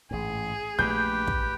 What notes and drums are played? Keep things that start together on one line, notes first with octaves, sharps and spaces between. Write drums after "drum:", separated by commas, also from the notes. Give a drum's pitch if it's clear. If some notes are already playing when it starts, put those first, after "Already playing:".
A1 G#2 G#4
A#1 A3 G4 B4 G5 G6
drum: kick